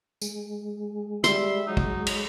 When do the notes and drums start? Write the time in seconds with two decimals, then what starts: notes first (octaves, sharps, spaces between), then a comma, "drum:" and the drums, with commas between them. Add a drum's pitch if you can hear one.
0.22 G#3, drum: tambourine
1.24 G3 E5 C6, drum: hi-hat
1.67 F#3 D#4
1.77 drum: kick
2.07 drum: cymbal